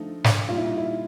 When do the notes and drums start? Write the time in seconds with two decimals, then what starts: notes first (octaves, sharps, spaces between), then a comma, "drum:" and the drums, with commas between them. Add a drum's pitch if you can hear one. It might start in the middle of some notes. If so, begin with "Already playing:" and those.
Already playing: D3 F3 A3 D#4
0.24 drum: snare
0.48 A#2 G3 F4
0.57 E4
0.67 D#4
0.77 E4